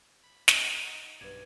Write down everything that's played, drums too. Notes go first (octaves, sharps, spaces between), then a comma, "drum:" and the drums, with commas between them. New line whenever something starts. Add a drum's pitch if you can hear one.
B5
C#4 D#4, drum: snare
D#4 F#5
B1 G2 B4 D5 G#6